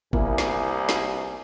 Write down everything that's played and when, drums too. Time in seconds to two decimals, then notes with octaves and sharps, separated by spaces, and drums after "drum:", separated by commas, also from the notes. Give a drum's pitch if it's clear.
0.13 C2 A#3 E4 G#5, drum: kick G1
0.38 drum: snare
0.89 drum: snare